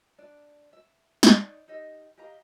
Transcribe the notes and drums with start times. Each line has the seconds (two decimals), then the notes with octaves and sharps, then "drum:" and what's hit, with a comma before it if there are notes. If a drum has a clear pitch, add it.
0.18 D4 D5
0.73 E5
1.23 drum: snare
1.36 D#4 D5
1.68 D#4 G4 D#5 E5
2.18 G4 D#5 F5 A#5